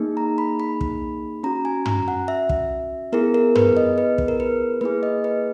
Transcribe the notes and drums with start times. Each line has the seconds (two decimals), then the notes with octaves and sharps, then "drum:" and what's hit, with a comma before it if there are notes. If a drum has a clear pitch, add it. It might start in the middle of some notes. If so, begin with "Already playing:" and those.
Already playing: A#3 D#4 G#4
0.17 A#5
0.38 B5
0.60 B5
0.81 drum: kick
1.43 C#4 F#4 A#5
1.65 G#5
1.86 A#5, drum: tom
2.08 F#5
2.28 E5
2.49 drum: kick
3.12 B3 E4 G#4 A#4
3.34 A#4
3.56 B4, drum: tom
3.77 D#5
3.98 B4
4.18 drum: kick
4.28 A#4
4.40 B4
4.81 A#3 E4 G#4 B4
5.03 D#5
5.24 B4